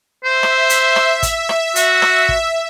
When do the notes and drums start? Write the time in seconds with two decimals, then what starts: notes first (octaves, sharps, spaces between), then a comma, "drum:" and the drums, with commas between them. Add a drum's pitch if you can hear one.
0.24 C5 E5
0.43 drum: rim click
0.70 drum: hi-hat
0.96 drum: rim click
1.23 drum: kick, hi-hat
1.49 drum: rim click
1.76 F#4, drum: hi-hat
2.02 drum: rim click
2.29 drum: kick